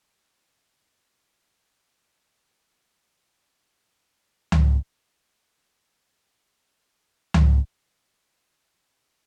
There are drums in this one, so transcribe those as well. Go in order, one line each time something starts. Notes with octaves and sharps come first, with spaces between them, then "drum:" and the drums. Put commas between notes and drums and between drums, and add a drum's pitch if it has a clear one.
D#7
G#3 D#4 E4
F#2
F3
D5
drum: tom C#2
D4
G#6 B6 C#7
drum: tom C#2
C#4 D#4 A4